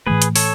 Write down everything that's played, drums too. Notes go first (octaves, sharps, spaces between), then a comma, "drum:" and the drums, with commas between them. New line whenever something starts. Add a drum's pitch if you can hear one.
A2 E3 A3 G#4 B4
drum: hi-hat
A4 C#5, drum: open hi-hat